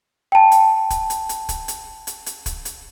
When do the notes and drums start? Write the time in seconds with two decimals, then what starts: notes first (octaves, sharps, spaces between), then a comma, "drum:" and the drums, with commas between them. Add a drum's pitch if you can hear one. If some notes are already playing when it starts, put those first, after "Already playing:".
0.32 G5 A5
0.52 drum: hi-hat
0.90 drum: kick, hi-hat
1.10 drum: hi-hat
1.29 drum: hi-hat
1.49 drum: kick, hi-hat
1.68 drum: hi-hat
2.07 drum: hi-hat
2.26 drum: hi-hat
2.46 drum: kick, hi-hat
2.65 drum: hi-hat